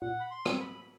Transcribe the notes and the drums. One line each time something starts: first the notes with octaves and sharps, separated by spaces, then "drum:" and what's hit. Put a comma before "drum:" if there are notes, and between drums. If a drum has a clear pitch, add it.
A#2 F#5
B5
C6
G3 C4, drum: rim click
B5